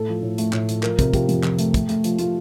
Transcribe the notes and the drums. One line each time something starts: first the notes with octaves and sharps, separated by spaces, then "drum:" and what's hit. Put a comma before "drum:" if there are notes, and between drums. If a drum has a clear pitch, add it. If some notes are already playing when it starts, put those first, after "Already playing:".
Already playing: A2 A4
F3
A2
A3, drum: hi-hat
A2, drum: clap
F3, drum: hi-hat
F3 A#4, drum: clap
C3 A#4, drum: kick, hi-hat
F3 G4, drum: kick, hi-hat
F2, drum: hi-hat
F3, drum: clap
A3, drum: hi-hat
A3, drum: kick, hi-hat
A3, drum: hi-hat
F3, drum: hi-hat
A3 F4, drum: hi-hat